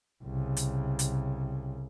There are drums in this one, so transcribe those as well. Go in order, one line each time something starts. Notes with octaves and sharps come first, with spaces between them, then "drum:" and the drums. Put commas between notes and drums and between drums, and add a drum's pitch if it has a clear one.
C2 C#3
drum: hi-hat
drum: hi-hat